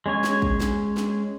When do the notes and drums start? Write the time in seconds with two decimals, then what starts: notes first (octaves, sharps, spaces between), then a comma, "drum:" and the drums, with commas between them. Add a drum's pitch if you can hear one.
0.06 G#3 C#4 C#5 G#5
0.24 drum: snare
0.42 drum: kick
0.60 drum: snare
0.97 drum: snare